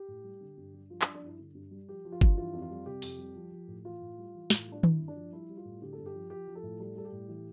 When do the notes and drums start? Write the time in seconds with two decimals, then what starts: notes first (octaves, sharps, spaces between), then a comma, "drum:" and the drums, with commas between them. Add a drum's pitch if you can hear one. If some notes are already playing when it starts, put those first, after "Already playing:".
Already playing: G4
0.08 A2
0.24 G3
0.41 D3
0.57 G2
0.74 G3
0.90 F3 F4
1.01 D4, drum: clap
1.06 F3
1.14 D4
1.22 G2 E4
1.39 D3
1.55 G2
1.71 G3
1.88 F3 G4
2.05 F3
2.12 F4
2.21 G2, drum: kick G1
2.37 E3 F4
2.53 F2
2.62 F4
2.70 G3
2.86 C3 G4
3.02 F2, drum: open hi-hat
3.19 G3
3.36 F3
3.52 F3
3.68 A2
3.85 E3 F4
4.01 A2
4.18 G3
4.34 E3
4.50 A2, drum: snare
4.66 G3
4.72 D4
4.83 D3 E4, drum: tom D#3
5.00 G2
5.08 D4
5.16 F3
5.32 G3 E4
5.49 G3
5.57 F4
5.65 A2
5.81 D3 G4
5.93 A4
5.98 G2
6.06 G4
6.14 F3
6.30 F3 G4
6.48 F3
6.55 A4
6.63 A2
6.80 G3 A4
6.96 G3 A4
7.05 G4
7.12 A2
7.29 E3